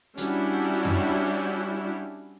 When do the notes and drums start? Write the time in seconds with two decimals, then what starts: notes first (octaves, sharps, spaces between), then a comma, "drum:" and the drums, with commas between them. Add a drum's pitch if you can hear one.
0.17 G3 C#4 D4 E4 F#4, drum: hi-hat
0.85 drum: tom F2